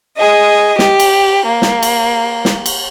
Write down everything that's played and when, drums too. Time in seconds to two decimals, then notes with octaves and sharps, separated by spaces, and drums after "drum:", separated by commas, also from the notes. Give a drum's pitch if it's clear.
0.17 G#4 D#5
0.79 G4, drum: snare
1.00 drum: cymbal
1.45 A#3
1.62 drum: snare
1.83 drum: cymbal
2.45 drum: snare
2.66 drum: cymbal